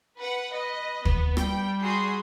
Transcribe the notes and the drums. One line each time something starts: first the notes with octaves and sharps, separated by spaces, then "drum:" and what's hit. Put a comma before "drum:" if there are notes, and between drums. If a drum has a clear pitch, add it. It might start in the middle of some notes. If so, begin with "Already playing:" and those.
B4 F#5
B4 D#5
B3, drum: kick
G3 G5, drum: rim click
F#4 G#4 C6